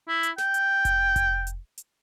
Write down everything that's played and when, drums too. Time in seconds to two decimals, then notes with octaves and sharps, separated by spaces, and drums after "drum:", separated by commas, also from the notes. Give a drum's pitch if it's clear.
0.08 E4
0.23 drum: hi-hat
0.38 G5, drum: snare
0.54 drum: hi-hat
0.85 drum: kick F1, hi-hat
1.16 drum: kick F1, hi-hat
1.47 drum: hi-hat
1.78 drum: hi-hat